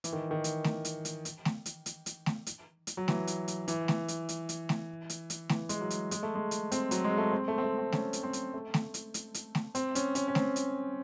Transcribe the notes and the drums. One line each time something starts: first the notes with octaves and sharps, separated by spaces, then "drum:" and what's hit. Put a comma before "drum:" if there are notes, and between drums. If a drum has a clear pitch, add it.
E3, drum: hi-hat
D#3
D#3
drum: hi-hat
drum: snare A3
drum: hi-hat
drum: hi-hat
drum: hi-hat
drum: snare A3
drum: hi-hat
drum: hi-hat
drum: hi-hat
drum: snare A3
drum: hi-hat
drum: hi-hat
F#3
E3, drum: snare A3
drum: hi-hat
drum: hi-hat
E3, drum: hi-hat
drum: snare A3
drum: hi-hat
drum: hi-hat
drum: hi-hat
drum: snare A3
drum: hi-hat
drum: hi-hat
E3, drum: snare A3
G#3, drum: hi-hat
F#3
drum: hi-hat
G#3, drum: hi-hat
A3
G#3
drum: hi-hat
C4, drum: hi-hat
F#3, drum: hi-hat
G#3
A3
C4
A3
C4
A3
C4
C#4, drum: snare A3
drum: hi-hat
C4
drum: hi-hat
A3
drum: snare A3
drum: hi-hat
drum: hi-hat
drum: hi-hat
drum: snare A3
C4, drum: hi-hat
C#4, drum: hi-hat
C#4, drum: hi-hat
C#4
C4, drum: snare A3
drum: hi-hat